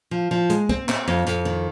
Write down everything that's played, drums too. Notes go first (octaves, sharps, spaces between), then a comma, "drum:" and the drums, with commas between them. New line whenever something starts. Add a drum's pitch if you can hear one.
F3
F3
G#3, drum: hi-hat
C4, drum: kick
C4, drum: clap
F2
F2, drum: hi-hat
D#3